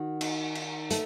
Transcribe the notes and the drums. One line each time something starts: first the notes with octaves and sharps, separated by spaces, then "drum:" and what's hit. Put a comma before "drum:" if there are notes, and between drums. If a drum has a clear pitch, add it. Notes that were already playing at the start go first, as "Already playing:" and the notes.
Already playing: D#3 F#4
D#4, drum: cymbal
D#4, drum: cymbal
A3 A4, drum: hi-hat